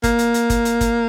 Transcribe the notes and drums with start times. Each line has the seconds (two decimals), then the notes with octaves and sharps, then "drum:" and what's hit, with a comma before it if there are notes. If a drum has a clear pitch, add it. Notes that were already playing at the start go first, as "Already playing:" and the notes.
0.04 A#3, drum: kick, hi-hat
0.19 drum: hi-hat
0.34 drum: hi-hat
0.50 drum: kick, hi-hat
0.65 drum: hi-hat
0.81 drum: kick, hi-hat